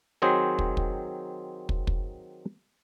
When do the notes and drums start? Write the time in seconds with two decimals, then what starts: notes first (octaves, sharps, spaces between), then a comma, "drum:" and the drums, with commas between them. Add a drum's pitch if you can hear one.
0.22 D#3 F#3 C4 G#4 C5
0.59 drum: kick
0.77 drum: kick
1.69 drum: kick
1.87 drum: kick